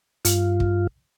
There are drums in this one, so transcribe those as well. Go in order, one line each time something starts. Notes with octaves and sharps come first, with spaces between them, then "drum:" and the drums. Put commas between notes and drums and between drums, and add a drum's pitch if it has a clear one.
G2 F4, drum: hi-hat
drum: kick